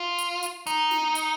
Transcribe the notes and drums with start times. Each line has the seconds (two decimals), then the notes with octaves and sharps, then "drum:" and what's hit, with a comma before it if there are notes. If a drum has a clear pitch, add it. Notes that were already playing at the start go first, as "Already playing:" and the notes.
Already playing: F4
0.18 drum: hi-hat
0.43 drum: hi-hat
0.67 D#4, drum: hi-hat
0.91 drum: snare
1.15 drum: hi-hat